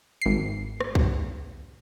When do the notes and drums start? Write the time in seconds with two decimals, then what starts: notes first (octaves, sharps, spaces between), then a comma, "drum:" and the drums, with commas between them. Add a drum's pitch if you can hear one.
0.22 G#1 C7
0.81 drum: rim click
0.95 drum: kick B1